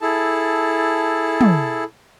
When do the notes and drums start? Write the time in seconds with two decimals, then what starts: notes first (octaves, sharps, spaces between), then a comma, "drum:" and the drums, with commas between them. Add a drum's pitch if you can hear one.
0.01 E4 G#4 A4 A5
1.41 drum: tom